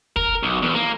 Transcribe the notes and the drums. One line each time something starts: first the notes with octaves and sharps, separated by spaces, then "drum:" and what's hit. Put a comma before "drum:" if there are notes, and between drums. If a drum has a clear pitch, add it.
A#4, drum: kick
B1
E2
A#3